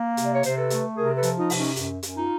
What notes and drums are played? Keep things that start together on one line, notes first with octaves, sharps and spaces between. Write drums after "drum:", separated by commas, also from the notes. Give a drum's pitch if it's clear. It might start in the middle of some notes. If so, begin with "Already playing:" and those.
Already playing: A#3
C3, drum: hi-hat
D5
C#5
C3 C5, drum: hi-hat
A4 B4
A3, drum: hi-hat
C3 G#4 A#4
A4 B4
F3, drum: hi-hat
D#4 F4
C3, drum: open hi-hat
C#4 D#4
F#2, drum: hi-hat
F#2, drum: hi-hat
D#4 F4